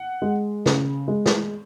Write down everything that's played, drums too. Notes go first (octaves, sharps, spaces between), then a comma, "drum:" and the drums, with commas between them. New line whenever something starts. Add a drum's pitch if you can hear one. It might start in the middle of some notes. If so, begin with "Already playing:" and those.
Already playing: F#5
G#3
C#3, drum: snare
G#3
drum: snare